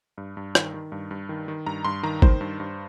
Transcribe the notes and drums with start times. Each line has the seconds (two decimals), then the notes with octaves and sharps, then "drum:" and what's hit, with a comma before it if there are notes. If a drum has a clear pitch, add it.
0.18 G2
0.37 G2
0.55 D#3, drum: rim click
0.74 D#3
0.92 G2
1.11 G2
1.29 D#3
1.48 D#3
1.66 G2 A#5
1.85 G2 C6
2.03 D#3 A#5
2.22 D#3 C5, drum: kick
2.41 G2
2.60 G2